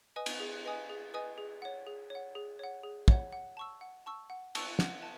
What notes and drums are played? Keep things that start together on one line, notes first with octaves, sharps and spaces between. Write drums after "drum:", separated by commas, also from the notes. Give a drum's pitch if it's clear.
B4 D#5 G#5 D#6
drum: cymbal
G#4
B4 D#5 G#5 D#6
G#4
B4 D#5 G#5 D#6
G#4
C#5 F#5
G#4
C#5 F#5
G#4
C#5 F#5
G#4
C#5 F#5, drum: kick
F#5
A5 C#6 E6
F#5
A5 C#6 E6
F#5
A5 C#6 E6, drum: cymbal
F#5, drum: snare
A5